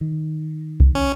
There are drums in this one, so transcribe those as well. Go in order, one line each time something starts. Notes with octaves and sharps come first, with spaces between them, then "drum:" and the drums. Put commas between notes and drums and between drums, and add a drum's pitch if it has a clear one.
D#3
drum: kick C2
C#4